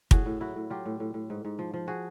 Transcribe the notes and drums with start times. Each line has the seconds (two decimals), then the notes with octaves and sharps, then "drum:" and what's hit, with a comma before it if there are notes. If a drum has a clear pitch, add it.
0.11 A2 F#4 G#4, drum: kick
0.26 A2
0.40 F#3 E4 F#4
0.56 A2
0.70 F#3 F4 G4
0.86 A2
1.00 A2
1.14 A2
1.30 G#2
1.45 G#2
1.59 F3
1.74 F3
1.88 F#4 G#4